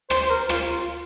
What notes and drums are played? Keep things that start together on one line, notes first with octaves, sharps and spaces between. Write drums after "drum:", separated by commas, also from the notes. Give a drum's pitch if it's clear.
C5, drum: rim click
C5
A#4
F4, drum: rim click
F4